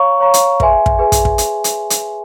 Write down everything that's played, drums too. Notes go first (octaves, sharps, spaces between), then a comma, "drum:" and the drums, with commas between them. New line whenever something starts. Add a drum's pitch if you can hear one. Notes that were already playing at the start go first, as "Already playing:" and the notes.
Already playing: C#5 F5 A#5 C#6
C#5 F5 A#5 C#6
drum: hi-hat
G#4 B4 E5 G#5 C6, drum: kick
drum: kick
G#4 B4 E5 G#5
drum: kick, hi-hat
drum: kick
drum: hi-hat
drum: hi-hat
drum: hi-hat